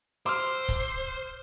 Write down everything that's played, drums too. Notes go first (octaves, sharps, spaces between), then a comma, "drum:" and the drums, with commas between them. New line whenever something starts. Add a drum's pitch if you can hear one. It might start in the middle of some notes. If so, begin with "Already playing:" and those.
C5 C6 D6 E6 F6, drum: hi-hat
drum: kick, hi-hat